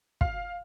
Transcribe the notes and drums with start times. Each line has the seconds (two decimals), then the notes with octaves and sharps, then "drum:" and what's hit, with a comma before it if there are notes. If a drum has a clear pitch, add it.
0.21 F5, drum: kick